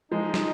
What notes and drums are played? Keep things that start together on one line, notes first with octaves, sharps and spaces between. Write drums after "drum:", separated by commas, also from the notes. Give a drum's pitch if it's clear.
F3 G#3 D#4
drum: snare